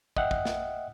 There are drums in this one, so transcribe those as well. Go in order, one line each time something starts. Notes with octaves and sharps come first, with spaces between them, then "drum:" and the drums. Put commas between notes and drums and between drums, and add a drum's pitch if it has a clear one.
D#5 E5 F#5 G5, drum: kick
drum: kick
drum: snare